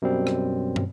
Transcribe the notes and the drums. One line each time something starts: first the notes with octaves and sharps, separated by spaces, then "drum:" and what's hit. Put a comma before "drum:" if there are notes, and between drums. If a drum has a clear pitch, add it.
F#2 B2 G3 C4
drum: rim click
drum: tom